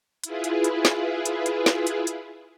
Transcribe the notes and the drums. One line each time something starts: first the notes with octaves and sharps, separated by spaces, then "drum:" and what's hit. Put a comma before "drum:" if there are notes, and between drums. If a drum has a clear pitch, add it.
E4 F4 G#4 B4, drum: hi-hat
drum: hi-hat
drum: hi-hat
drum: snare
drum: hi-hat
drum: hi-hat
drum: snare
drum: hi-hat
drum: hi-hat